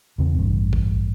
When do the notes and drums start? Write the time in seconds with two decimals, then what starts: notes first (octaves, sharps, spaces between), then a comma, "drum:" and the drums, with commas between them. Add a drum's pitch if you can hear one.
0.18 E2 C#3 C4
0.38 A1 G2
0.73 drum: kick B1